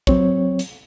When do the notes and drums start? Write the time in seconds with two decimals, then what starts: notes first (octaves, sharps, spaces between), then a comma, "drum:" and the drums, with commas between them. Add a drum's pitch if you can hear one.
0.07 F#3 C4 C#5, drum: kick
0.59 drum: hi-hat